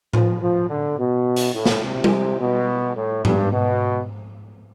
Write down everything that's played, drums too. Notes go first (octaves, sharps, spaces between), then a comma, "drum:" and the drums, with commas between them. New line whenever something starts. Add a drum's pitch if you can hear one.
F3, drum: tom A2
F3
D3
B2
drum: hi-hat
A2
drum: snare
C3
drum: tom G3
B2
A2
G2, drum: tom
B2